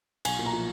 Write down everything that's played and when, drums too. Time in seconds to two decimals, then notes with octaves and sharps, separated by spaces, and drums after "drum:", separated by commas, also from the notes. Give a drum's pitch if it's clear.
0.25 B1 G#5, drum: cymbal
0.39 A#2
0.46 A#5
0.53 F3